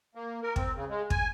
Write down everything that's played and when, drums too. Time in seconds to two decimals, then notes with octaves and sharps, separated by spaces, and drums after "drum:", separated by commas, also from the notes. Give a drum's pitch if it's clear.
0.15 A#3
0.43 A#4
0.56 C4, drum: kick
0.75 C#3
0.89 G#3
1.10 G#5, drum: kick